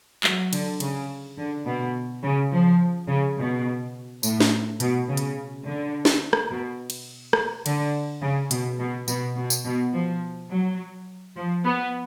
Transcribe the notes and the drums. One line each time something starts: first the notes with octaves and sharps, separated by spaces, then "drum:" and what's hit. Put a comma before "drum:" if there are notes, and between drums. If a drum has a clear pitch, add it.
F#3, drum: clap
D3, drum: cymbal
C#3, drum: cymbal
D3
B2
C#3
F3
C#3
B2
A2, drum: tambourine
drum: snare
B2, drum: hi-hat
C#3
drum: hi-hat
D3
drum: snare
drum: rim click
B2
drum: cymbal
drum: rim click
D3, drum: cymbal
C#3
B2, drum: hi-hat
B2
B2, drum: tambourine
B2
drum: tambourine
B2
F3
F#3
F3
B3